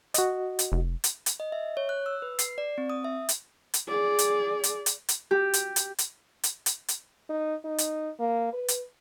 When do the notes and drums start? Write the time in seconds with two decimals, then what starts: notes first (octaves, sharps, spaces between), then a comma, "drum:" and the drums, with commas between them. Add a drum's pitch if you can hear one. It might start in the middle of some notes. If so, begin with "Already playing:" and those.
0.14 F#4 D#5, drum: hi-hat
0.59 drum: hi-hat
0.72 F1
1.04 drum: hi-hat
1.26 drum: hi-hat
1.40 D#5
1.52 E5
1.77 C#5
1.89 F#6
2.06 E6
2.22 B4
2.39 C7, drum: hi-hat
2.58 D5
2.78 C4
2.90 D#6
3.04 E5
3.29 drum: hi-hat
3.74 drum: hi-hat
3.88 G#4 D5
4.19 drum: hi-hat
4.64 drum: hi-hat
4.86 drum: hi-hat
5.09 drum: hi-hat
5.31 G4
5.54 drum: hi-hat
5.76 drum: hi-hat
5.98 drum: hi-hat
6.43 drum: hi-hat
6.66 drum: hi-hat
6.88 drum: hi-hat
7.29 D#4
7.64 D#4
7.78 drum: hi-hat
8.19 A#3
8.53 B4
8.68 drum: hi-hat